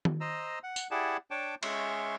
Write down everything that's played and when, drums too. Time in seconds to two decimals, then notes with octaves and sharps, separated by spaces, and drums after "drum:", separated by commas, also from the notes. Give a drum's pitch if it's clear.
0.05 drum: tom D#3
0.21 C5 D#5 A#5 E6
0.63 F#5
0.76 drum: tambourine
0.91 E4 G4 G#4 D5 F#5 A5
1.31 D4 C#5 G5 A5 D6
1.63 G#3 C#4 E5 C6 C#6, drum: cymbal